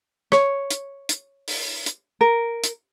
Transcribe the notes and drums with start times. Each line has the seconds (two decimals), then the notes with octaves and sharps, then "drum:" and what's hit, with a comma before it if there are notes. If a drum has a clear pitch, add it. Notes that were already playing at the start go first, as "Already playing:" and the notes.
0.32 C#5, drum: rim click
0.71 drum: hi-hat
1.09 drum: hi-hat
1.48 drum: open hi-hat
1.86 drum: hi-hat
2.21 A#4
2.64 drum: hi-hat